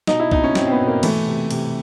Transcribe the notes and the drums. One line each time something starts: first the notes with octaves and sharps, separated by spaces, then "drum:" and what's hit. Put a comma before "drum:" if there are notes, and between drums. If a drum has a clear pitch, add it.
B2 D#4, drum: snare
E4
B2 D#4, drum: kick C2
C#4
B2 C4, drum: snare
C4
B3
B2
A#3
E3 A3, drum: cymbal
C3
C3, drum: cymbal